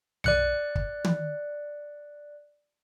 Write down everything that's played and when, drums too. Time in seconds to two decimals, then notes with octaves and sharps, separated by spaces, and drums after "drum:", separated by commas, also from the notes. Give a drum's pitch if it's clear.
0.24 D5 F#6 C#7, drum: tom B1
0.75 drum: kick
1.05 drum: tom